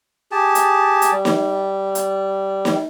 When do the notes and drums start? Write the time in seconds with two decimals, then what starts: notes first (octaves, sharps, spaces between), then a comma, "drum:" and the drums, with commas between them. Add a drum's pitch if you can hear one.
0.32 G4 G#4 A5
0.55 drum: hi-hat
1.02 drum: hi-hat
1.12 G3
1.25 drum: snare
1.95 drum: hi-hat
2.65 drum: snare